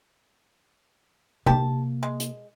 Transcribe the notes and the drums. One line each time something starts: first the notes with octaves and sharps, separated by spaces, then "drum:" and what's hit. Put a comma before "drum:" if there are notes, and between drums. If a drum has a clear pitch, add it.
C3 A#3 G4 A5, drum: tom C3
G#3
drum: hi-hat